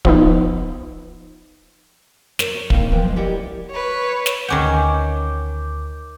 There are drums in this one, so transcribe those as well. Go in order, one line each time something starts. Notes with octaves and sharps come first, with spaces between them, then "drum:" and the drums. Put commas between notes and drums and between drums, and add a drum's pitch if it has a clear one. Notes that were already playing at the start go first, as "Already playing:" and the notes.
F3 B3 D#4, drum: kick
A#4 C5 C#5, drum: snare
C#5
A#3 C4 D#4 A#4, drum: kick
E3 F3 B3 A#4 G5
F3 G#3
E4 G4 A#4 D5 D#5 F#5
B4 C#5
drum: snare
D2 D#3 C#4 F#5 D6 G6